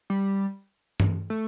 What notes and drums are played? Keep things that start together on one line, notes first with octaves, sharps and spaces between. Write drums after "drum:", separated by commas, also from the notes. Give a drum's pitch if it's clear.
G3
drum: tom G2
A3